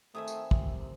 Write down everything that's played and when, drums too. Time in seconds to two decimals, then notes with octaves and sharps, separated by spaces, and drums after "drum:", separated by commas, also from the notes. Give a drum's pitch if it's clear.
0.15 D#3 A3 C4 E5 G#5 D#6
0.28 drum: tambourine
0.51 C3, drum: kick